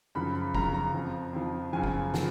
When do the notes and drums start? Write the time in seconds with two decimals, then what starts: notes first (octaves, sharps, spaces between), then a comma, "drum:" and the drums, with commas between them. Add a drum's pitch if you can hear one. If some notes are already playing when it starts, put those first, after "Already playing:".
0.15 F#2 C#3 F3 B5
0.35 B5
0.55 F#2 C#3 F3 A#5, drum: kick
0.74 A#5
0.94 F2 F3
1.33 F2 F3
1.73 F#2 C#3 F3 G#5
1.84 drum: kick
2.14 C#3 F3, drum: snare